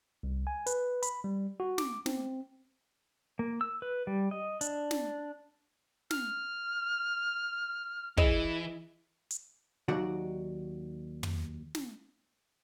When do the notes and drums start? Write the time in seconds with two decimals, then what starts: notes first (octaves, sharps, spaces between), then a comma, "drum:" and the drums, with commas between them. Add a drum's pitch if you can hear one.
0.23 C2
0.47 G#5
0.66 B4, drum: hi-hat
1.03 B5, drum: hi-hat
1.24 G3
1.60 F#4
1.78 D6, drum: snare
2.06 C4, drum: snare
3.39 A#3
3.61 E6
3.82 B4
4.07 G3
4.31 D#5
4.61 D4, drum: hi-hat
4.91 drum: snare
6.11 F6, drum: snare
8.17 E3 E4 G#4 D#5, drum: kick
9.31 drum: hi-hat
9.88 D#2 D#3 F#3 F#4 D5 F#5
11.23 drum: tom
11.75 drum: snare